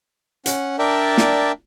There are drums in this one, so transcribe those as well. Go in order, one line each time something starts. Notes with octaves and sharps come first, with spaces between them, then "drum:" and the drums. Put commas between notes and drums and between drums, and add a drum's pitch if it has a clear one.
C#4 F#5, drum: hi-hat
D4 A#4 D5 E5 G5 A5
drum: snare